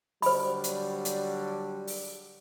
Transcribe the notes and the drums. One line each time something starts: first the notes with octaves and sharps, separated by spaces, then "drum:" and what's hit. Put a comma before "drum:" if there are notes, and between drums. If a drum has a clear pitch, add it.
D3 F#3 G3 C5 B5, drum: open hi-hat
drum: hi-hat
drum: hi-hat
drum: open hi-hat